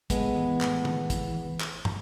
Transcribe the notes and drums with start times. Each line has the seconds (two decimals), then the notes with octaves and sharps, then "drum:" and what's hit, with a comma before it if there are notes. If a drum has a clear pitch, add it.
0.10 A2 G#3 B3, drum: kick, hi-hat
0.35 E3
0.61 A2, drum: clap
0.85 E3, drum: tom
1.10 E3, drum: kick, hi-hat
1.60 drum: clap
1.85 drum: tom